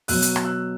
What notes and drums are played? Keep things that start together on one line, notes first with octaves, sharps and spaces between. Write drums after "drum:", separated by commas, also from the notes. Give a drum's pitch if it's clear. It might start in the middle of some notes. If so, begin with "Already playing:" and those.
B2 F#3 E6 F#6, drum: open hi-hat
drum: hi-hat
drum: rim click
E6 F#6